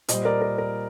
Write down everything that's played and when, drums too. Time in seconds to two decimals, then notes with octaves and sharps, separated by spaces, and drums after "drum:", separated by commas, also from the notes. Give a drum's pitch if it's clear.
0.08 A#2 G3 C5 D#5, drum: hi-hat
0.25 A#4 D5
0.42 A#4
0.58 A#4